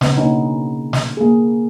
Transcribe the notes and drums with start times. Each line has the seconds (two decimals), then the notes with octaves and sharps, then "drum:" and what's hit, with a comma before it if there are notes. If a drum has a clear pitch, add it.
0.01 C#3 B3, drum: snare
0.17 B2 D3 A#3 C#4 D#4
0.93 drum: snare
1.17 A#3 G#4